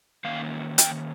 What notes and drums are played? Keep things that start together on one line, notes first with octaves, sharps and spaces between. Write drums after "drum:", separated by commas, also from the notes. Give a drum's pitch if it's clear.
D#3 A#3 C#4 F5
G5, drum: hi-hat